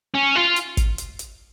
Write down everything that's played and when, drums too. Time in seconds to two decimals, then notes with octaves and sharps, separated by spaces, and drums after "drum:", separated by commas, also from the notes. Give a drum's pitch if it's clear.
0.15 C#4
0.36 F4
0.56 drum: hi-hat
0.77 drum: kick, hi-hat
0.98 drum: hi-hat
1.19 drum: hi-hat